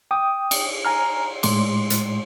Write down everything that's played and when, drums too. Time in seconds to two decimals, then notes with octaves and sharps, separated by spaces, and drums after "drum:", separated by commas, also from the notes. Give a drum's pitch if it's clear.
0.11 G5 D6 D#6
0.51 drum: cymbal
0.85 G#5 A#5 F6
1.43 A2 G#3 C6 D6, drum: cymbal
1.90 drum: hi-hat